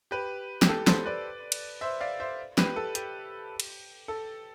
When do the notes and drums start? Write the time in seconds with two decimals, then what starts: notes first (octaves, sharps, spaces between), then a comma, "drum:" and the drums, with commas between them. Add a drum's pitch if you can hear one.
0.11 G4 B4
0.62 G4, drum: snare
0.69 A4
0.87 A4 C5, drum: snare
1.06 B4 D5
1.52 drum: cymbal
1.81 C5 E5
2.01 D5 F5
2.20 C5 E5
2.58 G4 B4, drum: snare
2.76 A4
2.95 G4, drum: hi-hat
3.60 drum: cymbal
4.08 A4